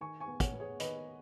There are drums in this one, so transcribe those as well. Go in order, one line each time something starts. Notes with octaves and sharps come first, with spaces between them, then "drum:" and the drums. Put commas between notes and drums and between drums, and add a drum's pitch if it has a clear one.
D#3 G#5 C#6
G#5 C#6
B3
C#5 F#5, drum: kick, hi-hat
B3
G#4 C#5
D#3 B4 D#5, drum: hi-hat